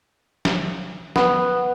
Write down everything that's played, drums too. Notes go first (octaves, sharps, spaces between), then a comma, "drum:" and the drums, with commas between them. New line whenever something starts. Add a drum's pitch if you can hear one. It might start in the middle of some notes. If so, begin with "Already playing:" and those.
drum: snare
B3, drum: snare